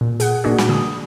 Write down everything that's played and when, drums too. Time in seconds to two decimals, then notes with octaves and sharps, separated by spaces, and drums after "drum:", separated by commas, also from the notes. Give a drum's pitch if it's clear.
0.01 A#2
0.20 G#4 F#5, drum: hi-hat
0.44 A#2 A#3 D4 F#4 G#4
0.58 drum: snare
0.69 D3 D#6